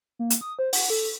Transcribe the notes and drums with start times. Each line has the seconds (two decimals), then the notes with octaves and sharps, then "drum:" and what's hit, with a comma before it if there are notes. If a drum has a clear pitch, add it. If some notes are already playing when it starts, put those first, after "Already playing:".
0.19 A#3
0.30 drum: hi-hat
0.41 D#6
0.59 C5
0.73 F#5, drum: open hi-hat
0.90 A4